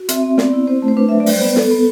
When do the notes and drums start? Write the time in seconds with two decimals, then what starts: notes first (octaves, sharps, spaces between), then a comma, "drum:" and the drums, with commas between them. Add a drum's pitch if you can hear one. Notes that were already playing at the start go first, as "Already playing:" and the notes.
Already playing: F#4
0.09 C4 E5, drum: hi-hat
0.23 C4
0.38 B3 D5, drum: snare
0.53 E4
0.67 C4 C5
0.82 A3
0.88 C5
0.97 D4 B4
1.09 F#3 E5
1.20 D5
1.26 G3, drum: open hi-hat
1.32 C5
1.41 B3 B4
1.56 B3 A4, drum: snare
1.71 B3